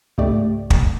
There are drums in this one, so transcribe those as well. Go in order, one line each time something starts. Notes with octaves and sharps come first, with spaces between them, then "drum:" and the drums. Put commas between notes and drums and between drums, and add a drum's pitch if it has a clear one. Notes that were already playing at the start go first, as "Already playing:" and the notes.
C#2 G#2 A3 G4 D5
drum: kick